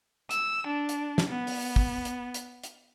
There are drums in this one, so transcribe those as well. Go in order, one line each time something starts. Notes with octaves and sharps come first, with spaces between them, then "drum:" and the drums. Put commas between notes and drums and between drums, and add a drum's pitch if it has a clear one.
E6, drum: hi-hat
D4
drum: hi-hat
drum: snare
B3
drum: open hi-hat
drum: kick
drum: hi-hat
drum: hi-hat
drum: hi-hat